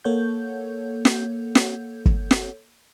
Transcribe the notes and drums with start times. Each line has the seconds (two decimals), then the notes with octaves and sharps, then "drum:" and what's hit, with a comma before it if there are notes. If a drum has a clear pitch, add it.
0.04 A#3 A4 C#5 F#5 G6
1.05 drum: snare
1.55 drum: snare
2.06 drum: kick
2.31 drum: snare